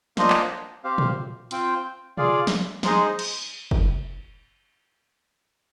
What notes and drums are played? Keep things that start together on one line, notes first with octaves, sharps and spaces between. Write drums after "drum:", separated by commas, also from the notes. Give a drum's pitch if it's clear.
A#3 D4 F4 C5 D#5, drum: snare
drum: clap
C4 G4 C5 F5
drum: tom A#2
C4 F4 C5 G5, drum: hi-hat
F4 G#4 D5 F5, drum: tom B2
drum: snare
G#3 D#4 G#4 C5 D#5, drum: snare
drum: cymbal
drum: kick